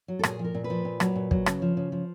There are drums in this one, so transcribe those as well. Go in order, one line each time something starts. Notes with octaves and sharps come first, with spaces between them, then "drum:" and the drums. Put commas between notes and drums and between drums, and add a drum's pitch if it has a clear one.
F#3
A4
A#2 G#4, drum: rim click
F3
A#4
A#2
B4
F3
A#2
F#3, drum: rim click
A#2
F#3, drum: kick
C#3, drum: rim click
F3
C#3
F3